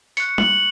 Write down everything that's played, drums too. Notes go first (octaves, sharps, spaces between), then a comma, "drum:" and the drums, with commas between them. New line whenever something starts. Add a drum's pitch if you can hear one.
C#6 F#6 C#7, drum: hi-hat
F#7, drum: tom